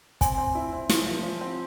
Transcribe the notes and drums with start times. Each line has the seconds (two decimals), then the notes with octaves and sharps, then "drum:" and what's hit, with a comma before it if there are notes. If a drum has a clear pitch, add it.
0.21 C4 G#5, drum: kick, hi-hat
0.38 C4
0.55 E4
0.73 C4
0.89 F3, drum: snare
1.07 F3
1.23 F3
1.41 C4